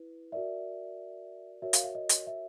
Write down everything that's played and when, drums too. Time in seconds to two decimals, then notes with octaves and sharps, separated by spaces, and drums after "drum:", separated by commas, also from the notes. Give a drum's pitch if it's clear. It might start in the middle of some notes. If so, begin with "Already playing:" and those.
Already playing: E4 B4
0.32 F#4 A#4 D5 E5
1.62 F#4 A#4 C#5 E5
1.73 F5, drum: hi-hat
1.84 E5
1.95 D#5
2.09 drum: hi-hat
2.27 E5